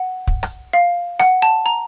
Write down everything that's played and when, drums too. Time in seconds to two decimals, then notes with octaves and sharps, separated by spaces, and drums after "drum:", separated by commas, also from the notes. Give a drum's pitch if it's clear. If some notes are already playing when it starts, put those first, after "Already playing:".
Already playing: F#5
0.27 drum: kick
0.43 drum: rim click
0.73 F5
1.20 F#5, drum: rim click
1.42 A5
1.66 A#5